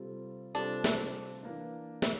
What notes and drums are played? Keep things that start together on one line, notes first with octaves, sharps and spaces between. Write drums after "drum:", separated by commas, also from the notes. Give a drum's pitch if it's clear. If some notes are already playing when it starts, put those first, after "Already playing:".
Already playing: C3 G3 C4 F4 A4
C3 G3 C4 D4 F4 A4
drum: snare
E3 A#3 D4
drum: snare